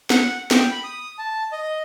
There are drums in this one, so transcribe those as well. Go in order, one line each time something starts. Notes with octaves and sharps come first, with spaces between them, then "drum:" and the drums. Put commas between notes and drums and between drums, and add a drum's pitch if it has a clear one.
F#5, drum: snare
G5, drum: snare
B5
D#6
A5
D#5